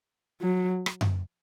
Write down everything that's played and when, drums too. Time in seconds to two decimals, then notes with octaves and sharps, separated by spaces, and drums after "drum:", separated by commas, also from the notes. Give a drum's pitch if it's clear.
0.42 F#3
0.86 drum: rim click
1.01 drum: tom F#2